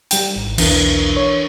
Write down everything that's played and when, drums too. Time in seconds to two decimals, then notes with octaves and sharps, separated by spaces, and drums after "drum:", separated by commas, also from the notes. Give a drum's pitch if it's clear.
0.11 G3 G5, drum: hi-hat
0.36 G#1
0.58 B1 E2 E3 D4 A#4, drum: cymbal
1.16 C#5